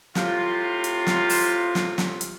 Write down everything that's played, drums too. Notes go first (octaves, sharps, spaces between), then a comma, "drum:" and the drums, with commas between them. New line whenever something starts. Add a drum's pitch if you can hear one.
A2 C3 F4, drum: snare
drum: hi-hat
drum: snare
drum: open hi-hat
drum: snare
drum: snare
drum: hi-hat